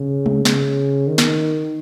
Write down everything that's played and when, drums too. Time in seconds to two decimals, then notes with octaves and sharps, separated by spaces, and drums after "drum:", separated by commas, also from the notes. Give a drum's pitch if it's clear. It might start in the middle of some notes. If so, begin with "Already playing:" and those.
Already playing: C#3
0.26 drum: tom G#3
0.45 C#3, drum: snare
1.08 D#3
1.18 drum: snare